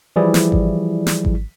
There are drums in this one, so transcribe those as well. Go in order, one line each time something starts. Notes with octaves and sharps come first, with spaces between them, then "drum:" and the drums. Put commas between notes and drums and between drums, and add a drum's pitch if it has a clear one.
E3 F3 G3 E4 G#4 D5
drum: snare
drum: kick G#1
drum: snare
drum: kick G#1